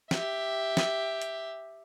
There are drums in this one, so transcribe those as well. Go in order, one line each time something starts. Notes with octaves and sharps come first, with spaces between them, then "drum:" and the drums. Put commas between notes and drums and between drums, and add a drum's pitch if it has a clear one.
G4 E5, drum: snare
drum: snare
drum: hi-hat